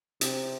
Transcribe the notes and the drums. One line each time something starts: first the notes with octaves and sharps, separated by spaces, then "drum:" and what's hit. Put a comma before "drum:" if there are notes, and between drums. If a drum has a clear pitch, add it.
C3, drum: hi-hat